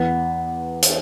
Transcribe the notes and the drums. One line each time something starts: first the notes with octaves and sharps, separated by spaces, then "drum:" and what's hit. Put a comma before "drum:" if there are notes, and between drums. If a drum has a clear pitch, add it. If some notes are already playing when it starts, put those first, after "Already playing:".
Already playing: E2 B3
drum: hi-hat